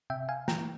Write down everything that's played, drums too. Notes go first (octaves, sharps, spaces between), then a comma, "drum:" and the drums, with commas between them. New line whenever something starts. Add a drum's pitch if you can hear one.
C3 E5 G5
F5 G#5
E3 G5 A#5, drum: snare